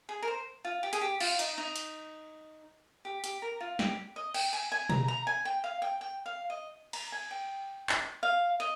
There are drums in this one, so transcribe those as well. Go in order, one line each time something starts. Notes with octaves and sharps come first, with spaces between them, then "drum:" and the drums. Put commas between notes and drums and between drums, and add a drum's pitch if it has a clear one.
G#4
A#4
C5
F4
G4
G#4, drum: hi-hat
G4
F4, drum: cymbal
D#4, drum: hi-hat
D#4
drum: hi-hat
G4
G4, drum: hi-hat
A#4
F4
G4, drum: snare
D#5
G5, drum: cymbal
G#5
G#5
A#5, drum: tom B2
A#5
G#5
G5
F5
G5
G5
F5
D#5
A#5, drum: cymbal
G#5
G5
drum: clap
F5
D#5